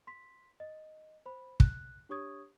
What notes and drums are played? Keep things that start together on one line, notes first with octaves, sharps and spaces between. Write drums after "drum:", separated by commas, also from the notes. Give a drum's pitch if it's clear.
C6 B6
D#5
C5 B5
F#6, drum: kick
D4 G4 C#5 C#6 D#6 G#6